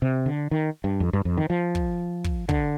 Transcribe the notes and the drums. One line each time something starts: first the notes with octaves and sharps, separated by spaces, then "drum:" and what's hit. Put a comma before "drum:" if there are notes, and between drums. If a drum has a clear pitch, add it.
C3
D3
D#3
G2
F2
G2
F2
D#3
F3
drum: kick
drum: kick
D3, drum: kick